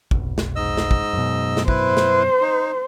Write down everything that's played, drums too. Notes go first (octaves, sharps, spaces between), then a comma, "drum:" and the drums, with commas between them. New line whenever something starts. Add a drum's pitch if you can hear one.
F1 B1, drum: kick
drum: snare
G#2 D#5 E6
drum: snare
drum: kick
F#2 B2
drum: snare
E4 B4 C5, drum: kick
drum: snare
D#4